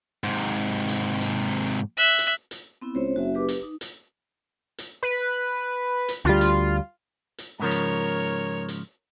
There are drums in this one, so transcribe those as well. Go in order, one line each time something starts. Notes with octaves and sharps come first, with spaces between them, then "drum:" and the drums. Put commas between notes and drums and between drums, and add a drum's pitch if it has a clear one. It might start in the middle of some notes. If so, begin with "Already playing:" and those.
G#2 C3
drum: hi-hat
drum: hi-hat
E5 F#6
drum: hi-hat
drum: hi-hat
B3 C4 E4
C#2 C4 C5 C#5
F#1 F#4 E5
G4 B4 D6
drum: hi-hat
D#4
drum: hi-hat
drum: hi-hat
B4
drum: hi-hat
D2 G3 F4
drum: hi-hat
drum: hi-hat
G#2 C#3 F3 A#4 C#5
drum: hi-hat
drum: hi-hat